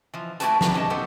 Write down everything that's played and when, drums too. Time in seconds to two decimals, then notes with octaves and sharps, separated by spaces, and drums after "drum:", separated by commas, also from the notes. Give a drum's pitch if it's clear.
0.14 E3 F3
0.40 A3 E4 F#4 G4 B4 A5, drum: hi-hat
0.61 C3 F#3 B3 D4 B4 D5, drum: snare
0.74 C#4 G4 D#5 A5
0.90 B3 G4 A4 C5